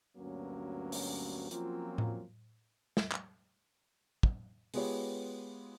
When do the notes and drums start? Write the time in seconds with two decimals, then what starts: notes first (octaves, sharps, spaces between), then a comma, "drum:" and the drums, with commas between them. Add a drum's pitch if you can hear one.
0.17 D2 G2 F#3 A#3 B3 C#4
0.92 drum: open hi-hat
1.51 F3 F#3 A#3 C4 C#4 F4, drum: hi-hat
1.98 drum: tom A2
2.97 drum: snare
3.12 drum: clap
4.23 drum: kick
4.74 G#3 B3 F4 G4 B4 C#5, drum: open hi-hat